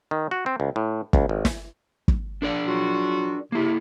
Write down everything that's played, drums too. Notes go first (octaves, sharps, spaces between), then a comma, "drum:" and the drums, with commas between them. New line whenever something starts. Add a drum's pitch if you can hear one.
D#3
F#4
C4
C#2
A2
C#2, drum: kick
G#1
drum: snare
drum: kick
D4 A#4 D5
F#3 F4 F#4
C3 A#3 E4